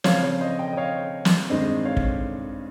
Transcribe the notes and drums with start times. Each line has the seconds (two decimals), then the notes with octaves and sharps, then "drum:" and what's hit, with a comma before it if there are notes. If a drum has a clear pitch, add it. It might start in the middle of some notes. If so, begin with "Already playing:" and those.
0.04 C#3 F3 C4 C#5 F5, drum: snare
0.23 C#5 F5
0.40 C5 D#5
0.59 D#5 G5
0.73 D#5
0.77 C#5 F5
1.25 drum: snare
1.49 G2 D#3 G#3 C4 C5 D#5
1.85 C#5 F5
1.97 drum: kick